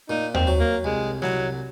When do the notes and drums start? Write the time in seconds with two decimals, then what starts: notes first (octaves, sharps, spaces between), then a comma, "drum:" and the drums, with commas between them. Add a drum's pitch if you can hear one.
0.09 A#2 D#4
0.34 C4, drum: tom D#2
0.47 F#3
0.60 A#3
0.84 C2 G#3
1.22 C2 F#3, drum: snare